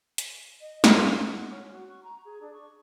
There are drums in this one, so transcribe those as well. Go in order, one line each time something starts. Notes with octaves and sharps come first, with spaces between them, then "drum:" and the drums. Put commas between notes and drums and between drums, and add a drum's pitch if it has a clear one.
drum: hi-hat
D#5
D4, drum: snare
F#4
F#5
C#4
F#4
C#6
A#5
G#4
D4
C#6